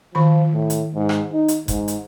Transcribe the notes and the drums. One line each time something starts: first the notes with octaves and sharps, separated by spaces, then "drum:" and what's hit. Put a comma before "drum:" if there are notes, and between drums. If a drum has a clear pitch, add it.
D#3 F3 B5
A2
drum: hi-hat
G#2
drum: rim click
D#4
drum: hi-hat
G#2, drum: kick F#1, hi-hat
drum: hi-hat